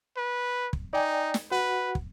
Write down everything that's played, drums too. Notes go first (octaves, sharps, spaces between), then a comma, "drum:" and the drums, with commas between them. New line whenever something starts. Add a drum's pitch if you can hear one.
B4
drum: kick
D#4 D5 G5 G#5
drum: snare
F#4 B4 F#5
drum: kick